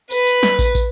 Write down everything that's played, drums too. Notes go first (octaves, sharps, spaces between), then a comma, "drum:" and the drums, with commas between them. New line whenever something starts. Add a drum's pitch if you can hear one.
B4, drum: tambourine
drum: tambourine
drum: snare
drum: kick, tambourine
drum: kick, tambourine